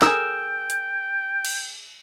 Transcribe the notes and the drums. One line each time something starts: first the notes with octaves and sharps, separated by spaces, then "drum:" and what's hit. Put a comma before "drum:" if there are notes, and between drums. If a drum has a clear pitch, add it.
G#4 A#4 G5 E6, drum: snare
drum: hi-hat
drum: cymbal